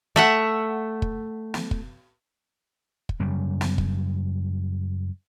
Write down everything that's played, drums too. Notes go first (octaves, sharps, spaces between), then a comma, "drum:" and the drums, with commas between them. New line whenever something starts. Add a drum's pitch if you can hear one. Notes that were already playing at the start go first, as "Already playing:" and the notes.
A3 E5 F#5
drum: kick
drum: snare
drum: kick
drum: kick
F#2 C#3 G3
drum: snare
drum: kick